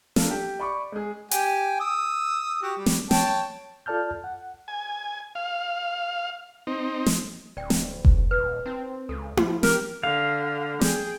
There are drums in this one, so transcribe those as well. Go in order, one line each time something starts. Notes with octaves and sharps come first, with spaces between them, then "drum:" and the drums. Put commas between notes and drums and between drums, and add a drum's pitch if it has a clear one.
A#3 D4 F4 A4, drum: snare
G4
D5 B5 C#6 D6
G#3 G#4
G4 G5 G#5, drum: hi-hat
D#6 E6
F#4 G4
G3
drum: snare
C#5 G5 A5, drum: snare
F4 A4 D5 A5 F6 G6
F#5
G#5
F5
C4 D#4
drum: snare
D1 D5 G5
drum: snare
drum: kick F1
D#1 B4
C4 D#4
C#2 A4
F3, drum: tom E4
G4 A#4, drum: snare
D3 F5
G#4 G5, drum: snare